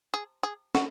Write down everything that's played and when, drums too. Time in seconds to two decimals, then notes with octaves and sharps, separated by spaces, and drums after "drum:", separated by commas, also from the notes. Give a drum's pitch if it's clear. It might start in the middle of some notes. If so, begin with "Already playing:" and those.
0.14 G#4
0.43 G#4
0.75 F#4, drum: snare